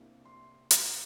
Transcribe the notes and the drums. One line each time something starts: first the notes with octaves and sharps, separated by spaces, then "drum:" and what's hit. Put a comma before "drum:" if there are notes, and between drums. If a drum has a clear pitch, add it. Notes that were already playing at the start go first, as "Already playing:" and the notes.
Already playing: C2 C3 A#3 D4
C6
A#5, drum: hi-hat